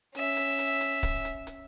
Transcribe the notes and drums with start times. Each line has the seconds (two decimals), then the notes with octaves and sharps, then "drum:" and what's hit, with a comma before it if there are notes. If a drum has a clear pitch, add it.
0.15 C#4 E5, drum: hi-hat
0.37 drum: hi-hat
0.59 drum: hi-hat
0.81 drum: hi-hat
1.03 drum: kick C#1, hi-hat
1.25 drum: hi-hat
1.47 drum: hi-hat